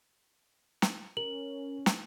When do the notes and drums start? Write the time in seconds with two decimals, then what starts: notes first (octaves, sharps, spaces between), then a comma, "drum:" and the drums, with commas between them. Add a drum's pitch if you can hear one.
0.82 drum: snare
1.17 C#4 A#4 F#7
1.86 drum: snare